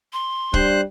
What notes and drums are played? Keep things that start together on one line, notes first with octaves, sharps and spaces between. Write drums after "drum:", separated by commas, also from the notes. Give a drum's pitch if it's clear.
C6
G3 D4 C5 F#6, drum: kick